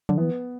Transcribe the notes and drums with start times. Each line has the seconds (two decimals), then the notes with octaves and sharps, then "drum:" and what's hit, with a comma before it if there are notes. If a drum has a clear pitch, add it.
0.09 D3, drum: tom F3
0.17 E3 B3